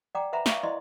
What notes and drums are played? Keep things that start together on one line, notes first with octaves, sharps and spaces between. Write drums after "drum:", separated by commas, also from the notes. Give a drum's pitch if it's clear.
D5 F#5 G5 A#5 D6
B4 C5 E5 F#5 A#5 B5
E5 F5 G#5 B5 C#6 D6, drum: snare
E4 C5 D5 D#5 C6